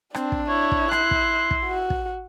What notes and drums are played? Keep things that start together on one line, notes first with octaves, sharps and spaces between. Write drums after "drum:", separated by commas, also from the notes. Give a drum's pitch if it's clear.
C4 D4, drum: rim click
drum: kick
E4 C#5
drum: kick
C6 F#6, drum: rim click
drum: kick
drum: kick
F#4
drum: kick